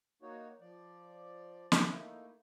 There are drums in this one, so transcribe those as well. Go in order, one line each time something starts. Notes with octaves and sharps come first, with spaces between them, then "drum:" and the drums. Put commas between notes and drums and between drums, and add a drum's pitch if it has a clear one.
A#3 D#4 F#4 C#5
F3 D5
drum: snare
A3 A#3 D#4 E4